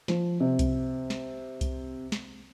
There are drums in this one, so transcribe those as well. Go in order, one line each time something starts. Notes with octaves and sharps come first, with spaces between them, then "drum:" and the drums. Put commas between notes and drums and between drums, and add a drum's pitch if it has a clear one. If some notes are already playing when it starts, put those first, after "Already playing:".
F3, drum: snare
C3
drum: kick C2, hi-hat
drum: snare
drum: kick C2, hi-hat
drum: snare